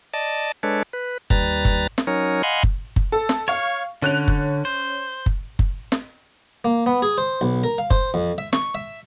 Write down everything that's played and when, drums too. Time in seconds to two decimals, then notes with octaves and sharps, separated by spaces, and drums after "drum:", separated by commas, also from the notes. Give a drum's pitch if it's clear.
0.14 D5 D#5 A5
0.63 G#3 D4 A4 B4 C#5
0.93 B4
1.30 D#2 G3 B4 A#5 A6, drum: kick F#1
1.65 drum: kick F#1
1.98 drum: snare
2.07 F#3 C#4 D#4 A#4 C#5
2.43 D#5 F5 F#5 G#5 B5 C6
2.63 drum: kick F#1
2.96 drum: kick F#1
3.12 A4
3.29 drum: snare
3.48 C#5 F5 C#6
4.02 D3 C#4 F#6 F7
4.28 drum: kick F#1
4.65 C5
5.26 drum: kick F#1
5.59 drum: kick F#1
5.92 drum: snare
6.64 A#3
6.86 B3
7.02 G#4
7.18 C5
7.41 B1
7.64 A#4
7.78 F5
7.90 C5, drum: kick F#1
8.14 F2
8.38 E5
8.53 C#6, drum: snare
8.75 E5